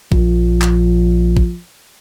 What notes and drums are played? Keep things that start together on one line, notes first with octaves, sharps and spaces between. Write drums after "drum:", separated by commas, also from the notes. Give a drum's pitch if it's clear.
A#1 F3, drum: kick A1
drum: clap
drum: kick A1